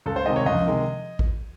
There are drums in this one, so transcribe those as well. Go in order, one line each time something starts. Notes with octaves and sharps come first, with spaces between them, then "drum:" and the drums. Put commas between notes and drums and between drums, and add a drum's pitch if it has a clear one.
C#2 A4
C5
C3 D#3 G#3 D#5
C#5
C#2 D#5
drum: tom F3
C3 D#3 G#3
drum: kick